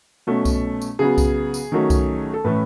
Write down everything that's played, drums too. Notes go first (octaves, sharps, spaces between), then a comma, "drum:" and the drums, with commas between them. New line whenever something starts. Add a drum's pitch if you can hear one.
B2 F#3 A3 C#4
drum: kick C2, tambourine
drum: tambourine
C#3 F#3 B3 G#4
drum: kick C2, tambourine
drum: tambourine
D#3 F#3 A3 C#4
drum: kick C2, tambourine
A4
A2 E3 A3 C#4 B4